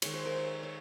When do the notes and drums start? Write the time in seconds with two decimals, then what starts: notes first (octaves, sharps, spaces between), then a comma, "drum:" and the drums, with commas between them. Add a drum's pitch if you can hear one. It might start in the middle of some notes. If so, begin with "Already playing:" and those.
0.02 D#3 G#3 C#5, drum: cymbal
0.14 C5
0.25 A#4
0.37 C#5
0.63 C#5